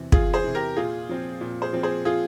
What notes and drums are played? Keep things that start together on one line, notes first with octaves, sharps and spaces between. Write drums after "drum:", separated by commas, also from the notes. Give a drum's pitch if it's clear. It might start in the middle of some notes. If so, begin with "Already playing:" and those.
Already playing: E2 C3 E3
E2 F4 G#4, drum: kick
G#4 C5
C3 E3
G4 A#4
A#2 F4 G#4
F3 C4
A#2
G#4 C5
F3 C4
G#4 C5
F4 G#4